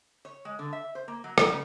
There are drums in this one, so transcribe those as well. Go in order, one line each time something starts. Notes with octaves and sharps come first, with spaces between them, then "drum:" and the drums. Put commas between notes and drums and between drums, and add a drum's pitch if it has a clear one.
C#5
G#3
D3
E5
C5
A#3
F#3
A#4, drum: rim click
C#3